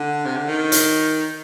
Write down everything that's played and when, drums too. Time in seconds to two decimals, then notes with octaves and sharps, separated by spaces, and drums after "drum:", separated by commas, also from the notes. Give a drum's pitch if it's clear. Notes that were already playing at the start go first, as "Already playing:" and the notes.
Already playing: D3
0.25 C3
0.36 D3
0.48 D#3
0.72 drum: hi-hat